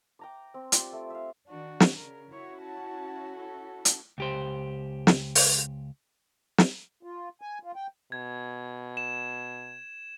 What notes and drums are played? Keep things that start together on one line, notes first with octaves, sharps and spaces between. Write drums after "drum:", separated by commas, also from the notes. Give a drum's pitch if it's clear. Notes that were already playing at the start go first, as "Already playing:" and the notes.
G5 A#5 D6
C4
F4 G4 C5 D5, drum: hi-hat
A3
E5 F5
D#3 D4 F#4
drum: snare
C#3 A#4
C#4 E4 F#4 C#5
A5
A4
drum: hi-hat
C#2 G4 C5
drum: snare
drum: open hi-hat
drum: snare
F4
G#5
F4
G5
B2 G#6
E7